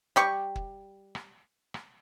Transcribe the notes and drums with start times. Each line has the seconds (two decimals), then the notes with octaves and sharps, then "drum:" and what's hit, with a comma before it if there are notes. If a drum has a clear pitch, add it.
0.16 G3 G4 C#6, drum: rim click
0.56 drum: kick
1.15 drum: rim click
1.74 drum: rim click